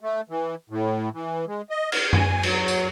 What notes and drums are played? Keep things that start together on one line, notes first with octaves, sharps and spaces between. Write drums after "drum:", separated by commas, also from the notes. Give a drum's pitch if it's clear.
A3
E3
A2
E3
G#3
D#5
F6, drum: cymbal
G#5, drum: tom F#2
F#3, drum: cymbal
drum: tambourine